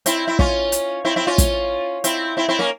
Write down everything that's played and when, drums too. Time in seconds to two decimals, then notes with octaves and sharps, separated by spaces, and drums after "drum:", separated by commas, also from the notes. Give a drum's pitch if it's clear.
0.06 C4 E4, drum: hi-hat
0.28 E4
0.39 C#4 F4, drum: kick
0.72 drum: hi-hat
1.05 C4 E4
1.16 C4 E4
1.27 C#4 F4
1.38 drum: kick, hi-hat
2.04 C4 E4, drum: hi-hat
2.37 C4 E4
2.49 C4 E4
2.59 A#3 C#4